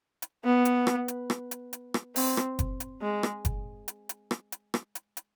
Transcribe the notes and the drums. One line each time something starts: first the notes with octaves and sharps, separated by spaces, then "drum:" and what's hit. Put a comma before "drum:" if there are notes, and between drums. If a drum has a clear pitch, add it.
drum: hi-hat
B3
drum: hi-hat
drum: rim click
drum: hi-hat
drum: rim click
drum: hi-hat
drum: hi-hat
drum: rim click
C4, drum: open hi-hat
drum: rim click
drum: kick F#1, hi-hat
drum: hi-hat
G#3
drum: rim click
drum: kick F#1, hi-hat
drum: hi-hat
drum: hi-hat
drum: rim click
drum: hi-hat
drum: rim click
drum: hi-hat
drum: hi-hat